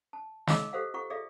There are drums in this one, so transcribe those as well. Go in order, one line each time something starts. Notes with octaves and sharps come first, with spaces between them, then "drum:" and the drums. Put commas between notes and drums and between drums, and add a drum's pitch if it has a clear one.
A5
D#5 F5 D6 E6, drum: snare
G4 A4 C5 F5 F#5
F4 F#5 C#6
G#4 A4 D5 E5 F5